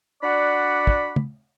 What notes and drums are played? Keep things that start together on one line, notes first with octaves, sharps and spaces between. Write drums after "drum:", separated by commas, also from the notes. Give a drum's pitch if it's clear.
D4 F#4 D5 F#5 B5
drum: kick
drum: tom